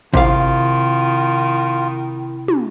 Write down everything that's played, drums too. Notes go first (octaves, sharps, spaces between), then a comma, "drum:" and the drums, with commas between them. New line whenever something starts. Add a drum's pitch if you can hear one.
C3 D#3 E4 F4 F5, drum: kick
drum: tom